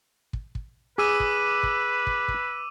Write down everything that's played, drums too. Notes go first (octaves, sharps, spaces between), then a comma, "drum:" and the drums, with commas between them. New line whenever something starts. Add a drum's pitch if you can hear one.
drum: kick
drum: kick
G#4 B4 D6 E6 D#7
drum: kick
drum: kick
drum: kick
drum: kick